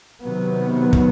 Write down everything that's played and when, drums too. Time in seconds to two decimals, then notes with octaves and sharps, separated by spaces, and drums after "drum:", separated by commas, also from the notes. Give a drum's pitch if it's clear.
0.23 C3 D#3 F#3 B3
0.93 drum: kick